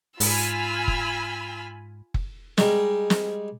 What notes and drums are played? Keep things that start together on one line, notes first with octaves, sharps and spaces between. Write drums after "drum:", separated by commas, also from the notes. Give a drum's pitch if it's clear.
G#2 F4 G#5 B5 E6 F6, drum: open hi-hat
drum: kick F#1
drum: kick F#1
G3 G#3 A#4, drum: snare
drum: snare